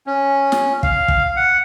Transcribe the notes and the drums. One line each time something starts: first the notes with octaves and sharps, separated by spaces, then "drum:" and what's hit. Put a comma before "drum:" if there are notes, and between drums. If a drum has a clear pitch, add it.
C#4
drum: snare
F5, drum: kick
drum: kick
F#5